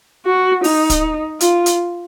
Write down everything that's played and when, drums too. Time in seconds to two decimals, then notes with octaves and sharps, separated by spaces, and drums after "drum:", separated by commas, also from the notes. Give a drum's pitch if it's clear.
0.25 F#4
0.64 D#4, drum: open hi-hat
0.90 drum: kick, hi-hat
1.40 F4, drum: hi-hat
1.66 drum: hi-hat